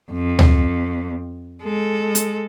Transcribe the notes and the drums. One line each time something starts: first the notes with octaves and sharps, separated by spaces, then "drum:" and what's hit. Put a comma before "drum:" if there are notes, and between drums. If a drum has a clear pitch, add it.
F2
drum: tom D2
G#3 A4
drum: hi-hat